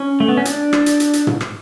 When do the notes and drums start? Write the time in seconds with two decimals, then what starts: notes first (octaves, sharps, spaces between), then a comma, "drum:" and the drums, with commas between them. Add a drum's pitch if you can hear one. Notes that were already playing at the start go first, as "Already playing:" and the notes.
Already playing: C#4
0.20 A3
0.28 B3
0.37 C#4
0.45 D4, drum: hi-hat
0.73 drum: rim click
0.86 drum: hi-hat
1.00 drum: hi-hat
1.13 drum: hi-hat
1.27 drum: tom
1.41 drum: rim click